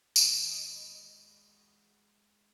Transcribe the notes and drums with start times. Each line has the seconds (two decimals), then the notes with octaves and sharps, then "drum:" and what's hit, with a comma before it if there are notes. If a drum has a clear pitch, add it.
0.16 D#2 G#3 E4 F#4 D#5 A5, drum: tambourine